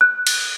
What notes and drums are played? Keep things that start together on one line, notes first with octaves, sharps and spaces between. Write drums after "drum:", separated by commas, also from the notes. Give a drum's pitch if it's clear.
F#6
drum: cymbal